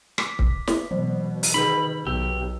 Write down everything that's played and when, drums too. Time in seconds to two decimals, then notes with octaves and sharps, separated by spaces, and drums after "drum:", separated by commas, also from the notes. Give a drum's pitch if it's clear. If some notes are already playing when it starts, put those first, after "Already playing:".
0.18 D6 B6, drum: rim click
0.39 drum: kick C#1
0.67 drum: snare
0.91 B2 E3 F#3
1.43 drum: open hi-hat
1.54 D#3 D#4 G#4 B4 B5
2.07 B1 G4 E6